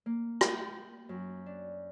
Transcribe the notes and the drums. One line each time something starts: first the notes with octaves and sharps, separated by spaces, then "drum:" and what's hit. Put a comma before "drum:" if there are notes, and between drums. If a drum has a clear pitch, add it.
A#3
G5, drum: rim click
F#2
D4